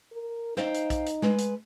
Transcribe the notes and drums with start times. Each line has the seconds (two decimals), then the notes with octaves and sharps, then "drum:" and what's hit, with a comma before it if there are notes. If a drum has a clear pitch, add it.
0.12 A#4
0.57 D#4 C5 F5 G5, drum: snare
0.74 drum: hi-hat
0.90 drum: kick, hi-hat
1.06 drum: hi-hat
1.22 G#3 B4, drum: snare
1.38 drum: hi-hat